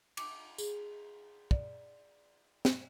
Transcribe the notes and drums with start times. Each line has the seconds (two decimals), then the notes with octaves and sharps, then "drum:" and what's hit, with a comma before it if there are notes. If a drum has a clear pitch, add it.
0.17 D6, drum: cymbal
0.58 G#4, drum: tambourine
1.51 D5, drum: kick
2.65 drum: snare